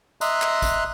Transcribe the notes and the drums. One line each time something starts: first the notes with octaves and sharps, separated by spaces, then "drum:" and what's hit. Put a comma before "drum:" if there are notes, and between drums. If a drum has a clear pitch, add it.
D#5 E5 A#5 C6 F#6, drum: tambourine
drum: clap
drum: kick, tambourine